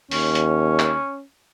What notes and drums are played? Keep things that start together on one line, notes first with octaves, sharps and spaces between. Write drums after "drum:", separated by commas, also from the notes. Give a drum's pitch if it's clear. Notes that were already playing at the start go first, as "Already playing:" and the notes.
D#2 C#4, drum: open hi-hat
drum: hi-hat
drum: clap